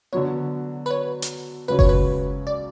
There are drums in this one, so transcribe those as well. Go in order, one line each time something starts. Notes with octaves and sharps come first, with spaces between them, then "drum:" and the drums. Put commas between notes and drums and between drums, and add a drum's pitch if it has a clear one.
D3 F#3 B3 C#5
B4
C#5
drum: hi-hat
C#2 C#3 F#3 C#4 F#4 B4
C#5, drum: kick F#1
B4
D5